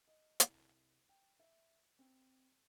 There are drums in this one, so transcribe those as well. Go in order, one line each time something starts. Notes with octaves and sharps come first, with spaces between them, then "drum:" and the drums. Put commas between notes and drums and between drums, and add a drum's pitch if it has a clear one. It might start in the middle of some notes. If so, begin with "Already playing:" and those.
D#5
C2, drum: hi-hat
G5
E5
C4